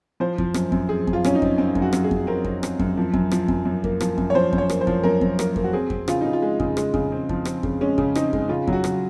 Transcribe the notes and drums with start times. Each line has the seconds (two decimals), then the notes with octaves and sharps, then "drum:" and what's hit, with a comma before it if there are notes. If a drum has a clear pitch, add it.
0.20 F3 C5
0.38 F3, drum: kick F2
0.54 F#2, drum: rim click
0.72 F#2, drum: kick F2
0.89 C4 G#4
1.07 F#2, drum: kick F2
1.13 F4
1.24 F#2 C#4, drum: rim click
1.35 D#4
1.42 C4, drum: kick F2
1.58 F#2 C4
1.75 F#2, drum: kick F2
1.82 F#4
1.93 F#2, drum: rim click
2.04 G#4
2.11 F#2, drum: kick F2
2.27 C4 A#4
2.45 C4, drum: kick F2
2.63 C4, drum: rim click
2.79 F#2, drum: kick F2
2.97 F3
3.14 F#2, drum: kick F2
3.31 F3, drum: rim click
3.48 F#2, drum: kick F2
3.65 F#2
3.84 A#3, drum: kick F2
4.01 F3, drum: rim click
4.18 F#2, drum: kick F2
4.30 C#5
4.34 F3 C5
4.53 F#2, drum: kick F2
4.58 C#5
4.70 A#3, drum: rim click
4.81 C5
4.87 F3, drum: kick F2
5.04 F#2 A#4
5.21 F#2, drum: kick F2
5.39 A#3 A#4, drum: rim click
5.56 A#3, drum: kick F2
5.64 F#4
5.73 C4 G#4
5.90 C4, drum: kick F2
6.08 C#3 F4, drum: rim click
6.21 C#3 D#4
6.33 F4
6.42 G#3
6.60 C#3, drum: kick F2
6.77 G#3, drum: rim click
6.94 C#3, drum: kick F2
7.12 C4
7.29 F3, drum: kick F2
7.45 C4, drum: rim click
7.63 C#3, drum: kick F2
7.81 G#3 C#4
7.98 C#3, drum: kick F2
8.15 C4 D#4, drum: rim click
8.33 G#3, drum: kick F2
8.49 C#3 F4
8.67 F#3, drum: kick F2
8.73 F#4
8.84 C#3, drum: rim click